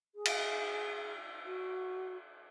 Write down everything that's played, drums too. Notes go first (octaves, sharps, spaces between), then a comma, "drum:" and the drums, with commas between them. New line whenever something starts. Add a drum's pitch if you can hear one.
G#4
drum: cymbal
F#4